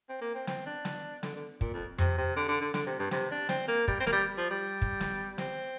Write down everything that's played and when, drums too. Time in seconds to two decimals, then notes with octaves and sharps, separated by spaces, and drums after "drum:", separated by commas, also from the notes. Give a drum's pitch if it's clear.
0.09 C4
0.21 A#3
0.35 C4
0.47 C4, drum: snare
0.66 D4
0.85 drum: snare
1.23 D3, drum: snare
1.35 D3
1.61 A#2, drum: kick
1.74 F2
1.98 C3, drum: tom F2
2.18 C3
2.36 D3
2.48 D3
2.61 D3
2.74 D3, drum: snare
2.86 C3
2.99 G2
3.11 C3, drum: snare
3.31 D4
3.49 C4, drum: snare
3.68 A#3
3.88 G3, drum: kick
4.00 C4
4.07 A#3, drum: snare
4.13 G3
4.37 F3
4.50 G3
4.82 drum: kick
5.00 drum: snare
5.38 C4, drum: snare